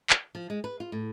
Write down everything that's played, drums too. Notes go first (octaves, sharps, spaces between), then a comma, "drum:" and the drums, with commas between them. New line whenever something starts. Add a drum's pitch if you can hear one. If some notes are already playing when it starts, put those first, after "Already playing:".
drum: clap
F3
G#3
B4
F4
A2